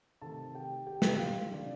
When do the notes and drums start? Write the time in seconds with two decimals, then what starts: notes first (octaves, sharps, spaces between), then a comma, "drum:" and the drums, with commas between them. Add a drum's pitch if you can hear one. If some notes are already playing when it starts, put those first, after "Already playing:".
0.22 C3 D#3 A3 A4 A5
0.55 G4 G5
0.86 G4 G5
1.02 drum: snare
1.19 F4 F5
1.51 C3 D#3 G3 D4 D5